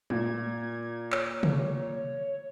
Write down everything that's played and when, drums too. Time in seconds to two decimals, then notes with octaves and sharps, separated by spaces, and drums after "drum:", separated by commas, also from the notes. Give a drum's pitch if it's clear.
0.10 A#2 G#6, drum: tom G#3
1.12 C#5, drum: clap
1.43 drum: tom C3